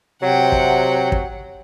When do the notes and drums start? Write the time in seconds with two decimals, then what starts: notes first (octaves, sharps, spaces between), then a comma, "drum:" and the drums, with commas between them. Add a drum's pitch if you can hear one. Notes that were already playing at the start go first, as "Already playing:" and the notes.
0.22 C3 F#3 F#5 G5
0.52 drum: kick
1.12 drum: kick